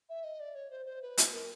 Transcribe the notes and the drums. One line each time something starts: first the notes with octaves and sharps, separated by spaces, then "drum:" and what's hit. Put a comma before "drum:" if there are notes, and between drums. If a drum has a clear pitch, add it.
E5
D#5
D5
C#5
C5
C5
B4
drum: hi-hat
A#4